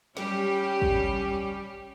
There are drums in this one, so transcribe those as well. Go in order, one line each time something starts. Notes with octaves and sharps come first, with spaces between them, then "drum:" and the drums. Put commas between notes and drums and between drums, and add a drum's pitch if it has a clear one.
G3 C#4 G4, drum: snare
drum: kick